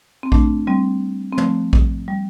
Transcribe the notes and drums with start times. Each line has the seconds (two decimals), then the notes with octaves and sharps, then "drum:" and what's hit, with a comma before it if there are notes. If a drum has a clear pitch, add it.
0.23 C4
0.32 A3 D4, drum: kick A#1
0.67 G3 C4
1.33 C4
1.38 F3 A3, drum: tom
1.73 drum: kick A#1
2.08 G3